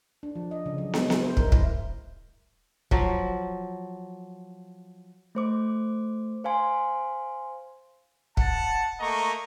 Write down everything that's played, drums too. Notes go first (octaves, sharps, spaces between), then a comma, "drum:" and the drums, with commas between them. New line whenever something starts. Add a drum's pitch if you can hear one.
D4
F3
D#5
C#3
F#3
G#3, drum: snare
E4, drum: snare
C5
A#4, drum: kick
E4, drum: kick
F3 F#3, drum: kick
A3 C5 D6
C5 F5 G#5 C6
F#5 A5, drum: kick
A3 A#3 D#5 A#5 C#6